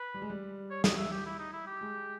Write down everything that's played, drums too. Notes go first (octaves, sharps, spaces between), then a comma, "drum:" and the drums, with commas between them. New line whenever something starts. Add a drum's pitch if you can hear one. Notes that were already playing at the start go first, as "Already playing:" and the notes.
Already playing: B4
G3
G#3
G3
C#5
D#5, drum: snare
E5
G4
E4
D#4
E4
G4
G#3